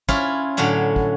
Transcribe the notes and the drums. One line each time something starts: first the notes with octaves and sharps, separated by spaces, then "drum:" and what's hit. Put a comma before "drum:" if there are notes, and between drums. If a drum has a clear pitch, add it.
C#4 E4 F4, drum: kick
A2 D3 F#3 C#4 D4
drum: kick